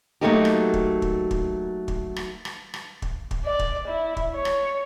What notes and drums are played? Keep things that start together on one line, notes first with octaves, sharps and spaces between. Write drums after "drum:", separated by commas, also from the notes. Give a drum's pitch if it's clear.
F#3 A3 A#3 D#4 F#4 G4
drum: rim click
drum: kick
drum: kick
drum: kick
drum: kick
drum: rim click
drum: rim click
drum: rim click
drum: kick
drum: kick
D5
drum: kick
E4
drum: kick
C#5
drum: rim click